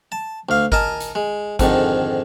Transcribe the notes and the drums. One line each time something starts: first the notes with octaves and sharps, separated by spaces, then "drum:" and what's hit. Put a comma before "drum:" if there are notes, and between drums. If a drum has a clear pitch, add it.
A5
D2 F5
A#4 D#5 G#5 A5, drum: kick G#1
drum: hi-hat
G#3
F2 G#2 D3 D#3, drum: kick G#1, hi-hat